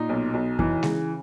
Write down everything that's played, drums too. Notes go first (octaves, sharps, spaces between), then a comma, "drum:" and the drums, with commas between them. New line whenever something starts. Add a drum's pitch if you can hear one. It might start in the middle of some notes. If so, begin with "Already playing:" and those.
Already playing: A#2 D#4
B1
B1
E3, drum: kick F2
C#3, drum: snare G#3